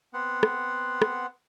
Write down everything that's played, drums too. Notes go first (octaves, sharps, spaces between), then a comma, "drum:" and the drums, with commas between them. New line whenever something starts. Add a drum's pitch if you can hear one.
B3 C4 F#5
drum: rim click
drum: rim click